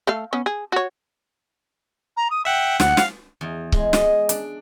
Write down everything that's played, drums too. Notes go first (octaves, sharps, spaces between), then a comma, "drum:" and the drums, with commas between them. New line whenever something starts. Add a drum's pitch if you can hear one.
A3 A4 F5
B3 C#4
G#4
F#4 C#5
A#5
D#6
E5 F#5 G5
D2 F#5, drum: snare
F5, drum: snare
E2
G#3, drum: kick C#1
D#5, drum: snare
D4, drum: hi-hat